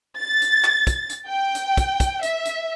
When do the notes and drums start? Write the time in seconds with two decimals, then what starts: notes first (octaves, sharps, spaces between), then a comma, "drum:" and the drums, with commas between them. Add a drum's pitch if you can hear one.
0.18 A6
0.42 drum: hi-hat
0.64 drum: clap
0.87 drum: kick, hi-hat
1.10 drum: hi-hat
1.28 G5
1.55 drum: hi-hat
1.77 drum: kick, hi-hat
2.00 drum: kick, hi-hat
2.23 E5, drum: hi-hat
2.45 drum: hi-hat